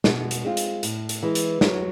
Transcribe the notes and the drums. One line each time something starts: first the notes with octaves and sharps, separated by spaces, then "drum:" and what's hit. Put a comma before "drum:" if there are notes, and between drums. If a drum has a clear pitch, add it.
B2, drum: snare
drum: hi-hat
G#3 C4 F4
drum: hi-hat
A2, drum: hi-hat
drum: hi-hat
E3 G#3
drum: hi-hat
F#3, drum: snare